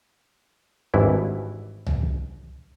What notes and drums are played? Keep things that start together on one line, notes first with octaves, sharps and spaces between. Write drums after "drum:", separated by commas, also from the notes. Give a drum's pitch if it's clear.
G#1 G2 E3 E4
drum: tom